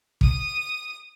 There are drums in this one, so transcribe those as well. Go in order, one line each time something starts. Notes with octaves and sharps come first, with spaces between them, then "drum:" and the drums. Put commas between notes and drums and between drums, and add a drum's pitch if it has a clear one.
D#6, drum: kick